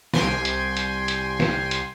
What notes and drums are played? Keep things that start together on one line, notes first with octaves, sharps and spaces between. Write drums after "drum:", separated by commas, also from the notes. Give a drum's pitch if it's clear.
C2 G5 G#5 C6, drum: snare
drum: hi-hat
drum: hi-hat
drum: hi-hat
drum: snare
drum: hi-hat